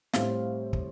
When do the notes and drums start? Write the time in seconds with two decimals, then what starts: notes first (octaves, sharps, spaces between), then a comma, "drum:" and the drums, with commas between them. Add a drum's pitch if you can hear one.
0.13 A2 G3 C4 F5, drum: snare
0.73 drum: kick